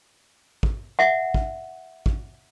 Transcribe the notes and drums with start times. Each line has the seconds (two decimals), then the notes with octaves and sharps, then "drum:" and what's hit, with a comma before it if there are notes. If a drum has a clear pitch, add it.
0.63 drum: kick
0.99 E5 F#5
1.34 drum: kick
2.06 drum: kick